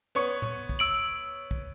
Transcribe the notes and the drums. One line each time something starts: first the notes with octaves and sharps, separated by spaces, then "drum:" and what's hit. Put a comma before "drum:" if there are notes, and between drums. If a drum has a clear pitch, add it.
B3 C#5 C#6
drum: tom
drum: kick
E6 D7 F#7
drum: kick